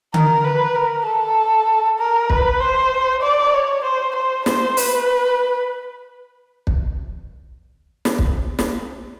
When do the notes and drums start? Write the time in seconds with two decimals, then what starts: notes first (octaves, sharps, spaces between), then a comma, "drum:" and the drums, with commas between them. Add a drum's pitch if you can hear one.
0.14 A#4, drum: tom D3
0.44 B4
0.75 A#4
1.06 A4
1.99 A#4
2.30 B4, drum: kick
2.61 C5
3.22 D5
3.54 C#5
3.84 C5
4.15 C5
4.46 C5, drum: snare
4.77 B4, drum: open hi-hat
6.67 drum: kick
8.05 drum: snare
8.19 drum: kick
8.59 drum: snare